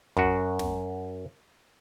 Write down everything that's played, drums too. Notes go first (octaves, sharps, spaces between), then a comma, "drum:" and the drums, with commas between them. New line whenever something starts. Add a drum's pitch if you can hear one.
F#2 F#4, drum: kick
drum: snare